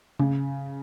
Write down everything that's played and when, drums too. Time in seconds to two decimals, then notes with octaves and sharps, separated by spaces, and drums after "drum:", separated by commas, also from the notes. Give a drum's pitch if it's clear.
0.19 C#3, drum: tom